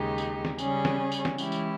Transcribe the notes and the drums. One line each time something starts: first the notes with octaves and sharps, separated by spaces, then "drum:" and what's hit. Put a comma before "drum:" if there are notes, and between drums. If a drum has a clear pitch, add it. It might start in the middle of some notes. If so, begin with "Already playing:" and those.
Already playing: D#2 C#3 G#3 D#4 G4
drum: tambourine
drum: snare
C#3 G3 C#4 G#4, drum: tambourine
drum: snare
drum: tambourine
drum: snare
E3 G#3 C#4 E4 G4, drum: tambourine
drum: tambourine